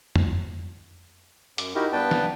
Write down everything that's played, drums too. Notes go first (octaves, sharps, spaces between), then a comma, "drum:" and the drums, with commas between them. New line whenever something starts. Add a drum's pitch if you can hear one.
drum: tom F2
F#2 D6, drum: hi-hat
D#4 E4 F#4 G4 A#4
G2 B3 D4 B4 G5 A5
drum: snare